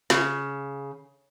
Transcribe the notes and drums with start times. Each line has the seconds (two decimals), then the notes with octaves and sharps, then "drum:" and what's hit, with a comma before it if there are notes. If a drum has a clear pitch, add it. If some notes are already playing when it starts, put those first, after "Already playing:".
0.10 C#3, drum: snare